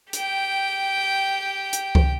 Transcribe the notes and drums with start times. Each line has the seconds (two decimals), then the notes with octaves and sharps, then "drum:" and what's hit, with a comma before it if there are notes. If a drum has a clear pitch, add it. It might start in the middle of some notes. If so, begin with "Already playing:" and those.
0.13 G4 G5, drum: hi-hat
1.73 drum: hi-hat
1.95 drum: kick C#2